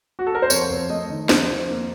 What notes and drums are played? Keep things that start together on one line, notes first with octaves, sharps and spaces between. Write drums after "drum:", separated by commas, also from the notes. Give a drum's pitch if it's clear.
F#4
A4
A#4
C5
F2 C#5, drum: tambourine
F2
A3 D#5
D#3
F2 C5, drum: snare
F2
A#3